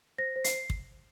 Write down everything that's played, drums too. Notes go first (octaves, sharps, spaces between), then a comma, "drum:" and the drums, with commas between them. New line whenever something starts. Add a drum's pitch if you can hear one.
C5 A#6
C5
C7, drum: hi-hat
drum: kick